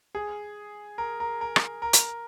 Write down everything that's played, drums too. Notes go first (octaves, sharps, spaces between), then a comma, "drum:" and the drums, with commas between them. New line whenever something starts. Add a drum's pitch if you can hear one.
G#4
A#4
A#4
A#4
drum: rim click
A#4
drum: hi-hat